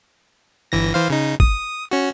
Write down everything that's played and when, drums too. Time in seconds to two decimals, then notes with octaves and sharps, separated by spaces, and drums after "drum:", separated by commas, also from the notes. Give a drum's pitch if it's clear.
0.72 G1 E3 A#6
0.94 E3 C5 F5
1.10 C#3 D#4
1.40 D#6, drum: kick
1.91 C#4 F#4